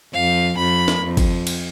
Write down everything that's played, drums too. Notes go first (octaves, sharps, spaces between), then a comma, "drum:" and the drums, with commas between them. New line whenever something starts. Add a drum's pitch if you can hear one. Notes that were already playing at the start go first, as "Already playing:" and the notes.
F2 F5
F2 B5
drum: snare
F2
drum: kick, cymbal
drum: cymbal